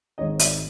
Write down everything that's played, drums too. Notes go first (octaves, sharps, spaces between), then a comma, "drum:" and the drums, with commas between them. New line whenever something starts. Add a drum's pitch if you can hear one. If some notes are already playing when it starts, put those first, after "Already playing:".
G#1 G#2 D#3 C#5 D#5
D5 E5, drum: hi-hat